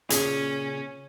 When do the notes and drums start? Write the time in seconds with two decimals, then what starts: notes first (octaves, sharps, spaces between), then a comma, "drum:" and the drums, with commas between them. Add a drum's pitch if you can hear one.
0.10 A#2 C#3 C#4 G#4, drum: hi-hat